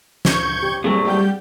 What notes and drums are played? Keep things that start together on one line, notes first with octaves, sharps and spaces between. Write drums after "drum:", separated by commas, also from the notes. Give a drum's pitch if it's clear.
C#6 G6 G#6, drum: snare
G4
A#2 F#3 G3 A3 C4 G#4
G3 G4 D5 F#5 G6